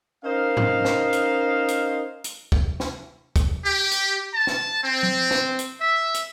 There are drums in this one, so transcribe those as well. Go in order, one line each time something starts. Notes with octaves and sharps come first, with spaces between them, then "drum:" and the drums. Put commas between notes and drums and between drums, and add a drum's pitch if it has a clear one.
C#4 D#4 A#4 C5 D#5 F5
drum: tom G#2
drum: snare
drum: hi-hat
drum: hi-hat
drum: hi-hat
drum: kick
drum: snare
drum: kick, hi-hat
G4
drum: hi-hat
A5
drum: snare
C4
drum: tom F#3
drum: snare
drum: hi-hat
E5
drum: hi-hat